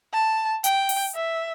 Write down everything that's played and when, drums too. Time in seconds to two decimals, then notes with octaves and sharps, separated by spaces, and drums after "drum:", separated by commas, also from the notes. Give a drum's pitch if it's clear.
0.13 A5
0.64 G5, drum: hi-hat
0.89 drum: open hi-hat
1.14 E5